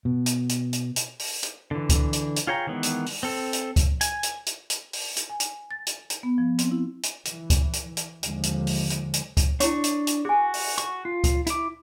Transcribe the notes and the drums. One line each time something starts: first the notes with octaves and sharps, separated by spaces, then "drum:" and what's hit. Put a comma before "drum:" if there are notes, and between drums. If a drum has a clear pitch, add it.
B2
drum: hi-hat
drum: hi-hat
drum: hi-hat
drum: hi-hat
drum: open hi-hat
drum: hi-hat
D3 E3
drum: kick C#2, hi-hat
drum: hi-hat
drum: hi-hat
F4 G#4 C#5 G5 A#5
D#3 E3 G#3 B3
drum: hi-hat
drum: open hi-hat
C4 A4
drum: hi-hat
drum: kick C#2, hi-hat
G#5, drum: hi-hat
drum: hi-hat
drum: hi-hat
drum: hi-hat
drum: open hi-hat
drum: hi-hat
G#5
drum: hi-hat
A6
drum: hi-hat
drum: hi-hat
B3
F3
C4, drum: hi-hat
E4
drum: hi-hat
E3, drum: hi-hat
drum: kick C#2, hi-hat
drum: hi-hat
drum: hi-hat
D#2 D3 F3 G#3, drum: hi-hat
drum: hi-hat
drum: open hi-hat
drum: hi-hat
drum: hi-hat
drum: kick C#2, hi-hat
D4 E4 C#5 C#6, drum: hi-hat
drum: hi-hat
drum: hi-hat
F#4 G#4 G#5
drum: open hi-hat
F#4 C#6, drum: hi-hat
F4
drum: kick C#2, hi-hat
E4 D6, drum: hi-hat